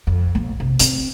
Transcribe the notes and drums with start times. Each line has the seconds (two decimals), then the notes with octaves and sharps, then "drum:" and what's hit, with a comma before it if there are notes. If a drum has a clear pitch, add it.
0.07 F2
0.35 A#1
0.60 C3
0.79 C4, drum: hi-hat